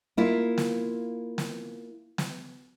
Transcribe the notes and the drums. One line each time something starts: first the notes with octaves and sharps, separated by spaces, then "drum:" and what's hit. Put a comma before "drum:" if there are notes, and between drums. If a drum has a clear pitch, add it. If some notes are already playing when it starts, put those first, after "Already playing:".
A#3 E4 F4
drum: snare
drum: snare
drum: snare